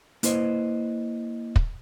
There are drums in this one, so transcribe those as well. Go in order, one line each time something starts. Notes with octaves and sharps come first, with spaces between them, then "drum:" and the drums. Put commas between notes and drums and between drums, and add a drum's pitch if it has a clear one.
A#3 E4 B4 C5 D#5, drum: hi-hat
drum: kick